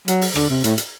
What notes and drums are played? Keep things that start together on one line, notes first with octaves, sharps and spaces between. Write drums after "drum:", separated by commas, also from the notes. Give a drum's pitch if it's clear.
F#3, drum: hi-hat
drum: open hi-hat
D3, drum: rim click
C3
A2, drum: hi-hat
drum: hi-hat